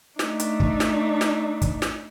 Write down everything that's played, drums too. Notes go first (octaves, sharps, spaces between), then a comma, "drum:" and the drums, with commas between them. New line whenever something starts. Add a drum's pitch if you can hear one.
A3 D4 D#4, drum: snare
drum: hi-hat
drum: kick
drum: snare
drum: snare
drum: kick, hi-hat
drum: snare